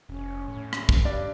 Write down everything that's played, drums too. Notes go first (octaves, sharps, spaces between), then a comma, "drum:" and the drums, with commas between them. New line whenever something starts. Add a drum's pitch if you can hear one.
F1 C#4
A2
drum: rim click
drum: kick
G2 D5